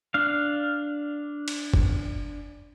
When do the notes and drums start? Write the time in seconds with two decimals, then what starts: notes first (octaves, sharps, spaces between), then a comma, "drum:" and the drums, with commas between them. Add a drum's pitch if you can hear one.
0.14 D4 F5
1.48 drum: cymbal
1.74 drum: kick F#1